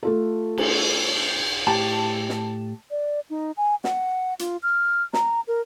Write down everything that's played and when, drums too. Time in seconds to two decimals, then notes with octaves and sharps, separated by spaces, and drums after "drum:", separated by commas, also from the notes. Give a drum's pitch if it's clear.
0.03 A3 F4 A4
0.58 drum: cymbal
1.67 A2 G4 A5
2.29 drum: snare
2.91 D5
3.30 D#4
3.57 G#5
3.84 F#5, drum: snare
4.39 F4, drum: hi-hat
4.63 F6
5.13 A#5, drum: snare
5.48 A#4